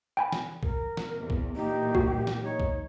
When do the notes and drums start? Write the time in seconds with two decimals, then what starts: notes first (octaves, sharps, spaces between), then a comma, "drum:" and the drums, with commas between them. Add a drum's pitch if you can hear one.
0.17 G5 G#5 B5
0.32 drum: snare
0.63 A#4, drum: kick
0.97 drum: snare
1.14 E2 C3
1.30 drum: kick
1.56 A#2 E3 F#3 D#4 G4
1.95 F#4, drum: kick
2.27 drum: snare
2.44 D#4 C#5
2.60 drum: kick